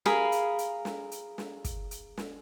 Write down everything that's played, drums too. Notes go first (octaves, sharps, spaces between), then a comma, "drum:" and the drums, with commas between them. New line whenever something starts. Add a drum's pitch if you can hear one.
G#4 A#4 F5 B5, drum: snare
drum: hi-hat
drum: hi-hat
drum: snare
drum: hi-hat
drum: snare
drum: kick, hi-hat
drum: hi-hat
drum: snare